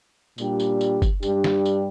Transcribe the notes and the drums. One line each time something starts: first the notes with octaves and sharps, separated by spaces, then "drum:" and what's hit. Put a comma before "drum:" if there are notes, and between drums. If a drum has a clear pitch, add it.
A#2 G3 D4 G4, drum: tambourine
drum: tambourine
drum: tambourine
drum: kick, tambourine
G2 G3 D4 G4, drum: tambourine
drum: snare
drum: tambourine